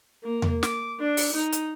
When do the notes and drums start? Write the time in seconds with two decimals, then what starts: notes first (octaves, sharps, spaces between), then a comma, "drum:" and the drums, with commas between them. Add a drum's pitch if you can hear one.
0.23 A#3
0.42 drum: tom E2
0.63 D6, drum: snare
1.00 D4
1.17 drum: open hi-hat
1.33 D#4
1.52 drum: hi-hat